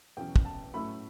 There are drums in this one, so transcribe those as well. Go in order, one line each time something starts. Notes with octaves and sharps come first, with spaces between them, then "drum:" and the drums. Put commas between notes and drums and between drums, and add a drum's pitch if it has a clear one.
E2 B2 F#3 C#4 G5
drum: kick
A5
A2 F#3 A3 C#4 E4 B5